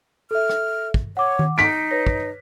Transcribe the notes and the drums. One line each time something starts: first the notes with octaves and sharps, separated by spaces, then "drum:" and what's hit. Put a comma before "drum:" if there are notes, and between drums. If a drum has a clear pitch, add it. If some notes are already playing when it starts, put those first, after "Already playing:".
A4 E5 F6
drum: rim click
drum: kick
C#5 F#5 D6
drum: tom D#3
D#4 B6 D7
B4 C#5 A#6
drum: kick